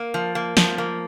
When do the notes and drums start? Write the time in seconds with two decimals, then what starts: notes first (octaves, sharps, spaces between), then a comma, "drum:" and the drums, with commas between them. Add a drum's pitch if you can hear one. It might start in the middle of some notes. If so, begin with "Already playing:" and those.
Already playing: A#3
0.14 F3
0.35 A#3
0.57 F3, drum: snare
0.78 A#3